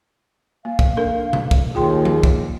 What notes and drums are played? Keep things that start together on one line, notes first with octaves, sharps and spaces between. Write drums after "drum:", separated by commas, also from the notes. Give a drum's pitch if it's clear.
A#3 F5
drum: kick
D4 A4 A#4
drum: tom B2
drum: kick
D#2 F4 G#4 G5 C6
drum: tom F3
drum: kick